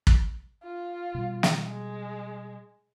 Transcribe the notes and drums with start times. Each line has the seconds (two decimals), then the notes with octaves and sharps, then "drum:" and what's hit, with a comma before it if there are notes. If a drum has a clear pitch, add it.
0.07 drum: kick
0.63 F4
1.14 B2 G3
1.43 drum: snare
1.66 G#3